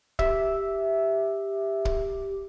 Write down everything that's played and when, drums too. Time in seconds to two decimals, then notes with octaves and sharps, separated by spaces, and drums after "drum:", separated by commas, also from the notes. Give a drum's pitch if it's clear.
0.19 G4 E5, drum: kick
1.85 drum: kick